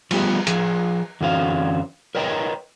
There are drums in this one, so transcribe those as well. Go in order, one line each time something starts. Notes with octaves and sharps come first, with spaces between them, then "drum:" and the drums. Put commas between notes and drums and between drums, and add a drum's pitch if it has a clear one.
F3 G3 B3 G4, drum: cymbal
F3 G#4, drum: hi-hat
F#2 D3 E3 F#3 C4 F5
A#4 B4 C#5 D#5 G5 A#5